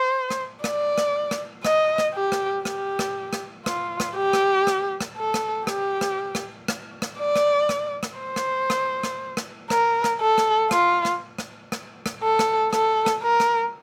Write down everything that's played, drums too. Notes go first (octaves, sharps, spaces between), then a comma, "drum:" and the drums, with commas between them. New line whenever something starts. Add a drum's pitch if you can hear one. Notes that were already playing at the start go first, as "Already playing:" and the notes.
Already playing: C5
drum: rim click
D5, drum: rim click
drum: rim click
drum: rim click
D#5, drum: rim click
drum: rim click
G4
drum: rim click
G4, drum: rim click
drum: rim click
drum: rim click
F4, drum: rim click
drum: rim click
G4
drum: rim click
drum: rim click
drum: rim click
A4
drum: rim click
G4, drum: rim click
drum: rim click
drum: rim click
drum: rim click
drum: rim click
D5
drum: rim click
drum: rim click
drum: rim click
C5
drum: rim click
drum: rim click
drum: rim click
drum: rim click
A#4, drum: rim click
drum: rim click
A4
drum: rim click
F4, drum: rim click
drum: rim click
drum: rim click
drum: rim click
drum: rim click
A4
drum: rim click
A4, drum: rim click
drum: rim click
A#4
drum: rim click